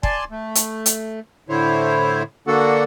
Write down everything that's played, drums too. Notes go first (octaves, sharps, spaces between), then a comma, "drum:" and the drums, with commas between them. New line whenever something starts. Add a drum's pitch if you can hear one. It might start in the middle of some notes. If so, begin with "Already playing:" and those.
D5 G#5 A5 C6, drum: kick
A3
drum: hi-hat
drum: hi-hat
A2 D3 E4 C5 C#5
D3 A#3 D4 F#4 A4 F#5